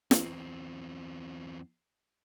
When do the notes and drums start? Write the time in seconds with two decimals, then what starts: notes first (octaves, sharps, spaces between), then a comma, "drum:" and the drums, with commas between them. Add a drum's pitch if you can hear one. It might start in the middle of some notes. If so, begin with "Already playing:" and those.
0.11 E2 C4, drum: snare